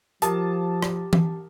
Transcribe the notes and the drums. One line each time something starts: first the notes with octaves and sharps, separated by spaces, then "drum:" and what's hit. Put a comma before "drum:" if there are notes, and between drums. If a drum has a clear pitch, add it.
F3 G4 A#4 A5 D#6, drum: hi-hat
drum: rim click
drum: tom E3